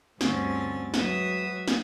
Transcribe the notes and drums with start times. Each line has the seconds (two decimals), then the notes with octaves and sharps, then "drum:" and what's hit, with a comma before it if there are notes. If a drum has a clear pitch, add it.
0.21 D2 G2 D3 C4 C#4 A6, drum: snare
0.94 F#3 G#3 B4 E5 D#6, drum: snare
1.68 drum: snare